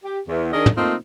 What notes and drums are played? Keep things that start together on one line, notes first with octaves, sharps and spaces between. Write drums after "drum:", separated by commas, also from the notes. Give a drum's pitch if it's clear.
G4
E2
D#3 D4 G#4 A#4 D#5
drum: tom
A3 A#3 C4 D#4 F4